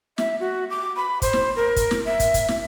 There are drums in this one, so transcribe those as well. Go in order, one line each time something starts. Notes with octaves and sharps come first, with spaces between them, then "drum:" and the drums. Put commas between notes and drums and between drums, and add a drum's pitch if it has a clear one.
E5, drum: snare
F#4
D6
B5
C5, drum: kick, hi-hat
drum: snare
A#4
drum: kick, hi-hat
drum: snare
E5
drum: kick, hi-hat
drum: kick, hi-hat
drum: snare